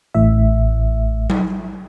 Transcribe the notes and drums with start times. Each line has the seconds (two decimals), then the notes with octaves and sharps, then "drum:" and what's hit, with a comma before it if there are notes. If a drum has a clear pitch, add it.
0.14 A1 A2 E5
1.30 drum: tom F#3